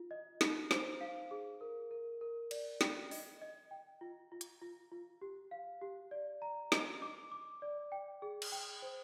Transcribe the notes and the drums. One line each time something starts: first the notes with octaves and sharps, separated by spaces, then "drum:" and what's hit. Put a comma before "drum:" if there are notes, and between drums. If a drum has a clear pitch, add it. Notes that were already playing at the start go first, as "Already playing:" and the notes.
Already playing: F4
D#5
D#4, drum: snare
C5, drum: snare
F5
G#4
A#4
A#4
A#4
D5, drum: cymbal
G5, drum: snare
D#5, drum: open hi-hat
D#5
G5
F4
F4
drum: hi-hat
F4
F4
G4
F5
G4
D5
A#5
D#5, drum: snare
D6
D6
D5
G5
G#4
drum: cymbal
G5
C5